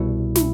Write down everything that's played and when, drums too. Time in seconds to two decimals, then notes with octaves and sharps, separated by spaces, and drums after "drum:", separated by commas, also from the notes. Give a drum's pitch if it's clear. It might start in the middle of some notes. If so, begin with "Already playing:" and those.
Already playing: C2 B2 G3 E4
0.35 E4, drum: snare